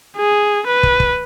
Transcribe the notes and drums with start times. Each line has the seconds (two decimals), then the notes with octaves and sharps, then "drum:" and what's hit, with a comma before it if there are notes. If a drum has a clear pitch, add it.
0.17 G#4
0.67 B4
0.83 drum: kick
1.00 drum: kick